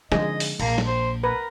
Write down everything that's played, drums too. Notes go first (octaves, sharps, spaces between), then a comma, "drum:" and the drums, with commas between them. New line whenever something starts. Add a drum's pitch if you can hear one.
D3 F3 G#3 G#4 D#5, drum: snare
drum: open hi-hat
A#1 A#3, drum: cymbal
drum: snare
C5
A#4 B4